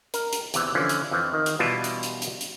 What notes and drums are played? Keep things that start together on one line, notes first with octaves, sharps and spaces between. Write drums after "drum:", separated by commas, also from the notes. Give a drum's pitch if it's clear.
A#4, drum: hi-hat
drum: hi-hat
E2 C3 E3, drum: hi-hat
D3 E3 F3 C#4
drum: hi-hat
F2 E3 F3
D#3
drum: hi-hat
B2 E3 G3 E4 F4 A5
drum: hi-hat
drum: hi-hat
drum: hi-hat
drum: hi-hat